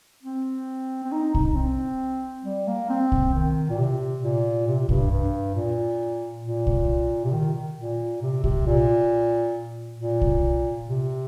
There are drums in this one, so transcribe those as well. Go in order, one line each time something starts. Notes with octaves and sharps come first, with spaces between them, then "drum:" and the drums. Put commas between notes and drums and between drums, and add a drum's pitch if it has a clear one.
C4
C4
D#4
D#4, drum: kick
C4
G3
A#3
C4
drum: kick
D#3
A#2
C3
A#2
C3
G2, drum: kick
G2
A#2
A#2
drum: kick
C3
D#3
A#2
C3
C3, drum: kick
A#2
A#2
drum: kick
C3